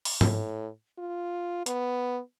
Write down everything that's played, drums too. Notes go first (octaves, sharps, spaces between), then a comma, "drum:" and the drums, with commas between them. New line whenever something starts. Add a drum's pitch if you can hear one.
drum: open hi-hat
A2, drum: tom G#2
F4
B3, drum: hi-hat